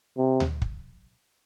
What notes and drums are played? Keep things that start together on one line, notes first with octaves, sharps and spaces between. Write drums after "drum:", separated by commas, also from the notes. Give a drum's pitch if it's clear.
C3
drum: tom D2
drum: kick